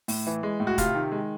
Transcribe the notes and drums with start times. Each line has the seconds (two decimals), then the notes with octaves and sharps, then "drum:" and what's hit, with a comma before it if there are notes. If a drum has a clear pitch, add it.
0.08 A2, drum: open hi-hat
0.27 E3
0.43 G#3
0.60 A2
0.67 F#4
0.78 C3 F4, drum: kick, hi-hat
0.95 D#3
1.12 G#3